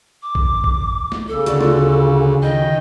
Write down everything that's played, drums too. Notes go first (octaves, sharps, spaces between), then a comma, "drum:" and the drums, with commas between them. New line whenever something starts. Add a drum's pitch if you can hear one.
D6
drum: kick
drum: kick
drum: snare
C#3 A4
D2 F#4 D5, drum: hi-hat
F4 F#4, drum: snare
D#3 D#5 G5